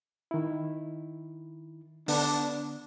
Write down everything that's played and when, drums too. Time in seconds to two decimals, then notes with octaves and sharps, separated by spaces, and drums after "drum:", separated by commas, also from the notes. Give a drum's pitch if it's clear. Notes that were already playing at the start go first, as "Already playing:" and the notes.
0.31 D#3 E4
2.08 D3 B3 D4, drum: open hi-hat